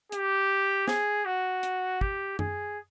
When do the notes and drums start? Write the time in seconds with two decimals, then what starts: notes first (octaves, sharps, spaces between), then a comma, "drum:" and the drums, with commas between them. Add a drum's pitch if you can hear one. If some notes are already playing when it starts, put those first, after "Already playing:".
0.12 G4, drum: hi-hat
0.88 G#4, drum: snare
1.25 F#4
1.63 drum: hi-hat
2.01 G4, drum: kick
2.39 G#4, drum: tom F#2